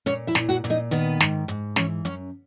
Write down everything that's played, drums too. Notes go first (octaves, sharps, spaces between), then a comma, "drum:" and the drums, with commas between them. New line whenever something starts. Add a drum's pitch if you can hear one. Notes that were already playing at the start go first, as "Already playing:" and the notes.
A#2 C#4 C#5, drum: hi-hat
E4 E5
A#2, drum: snare
F#4 F#5
A#2, drum: hi-hat
D#4 D#5
D#3 B3 B4, drum: hi-hat
G#2, drum: snare
G#2, drum: hi-hat
E3 C#4 C#5, drum: snare
F#2 C#4 C#5, drum: hi-hat